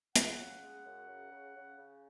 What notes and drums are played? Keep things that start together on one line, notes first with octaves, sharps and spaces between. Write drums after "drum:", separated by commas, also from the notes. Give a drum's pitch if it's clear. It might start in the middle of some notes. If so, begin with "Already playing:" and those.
C#3 F#5, drum: hi-hat
C#3
G#3
F#2
C#3
C#3
C#3
C#3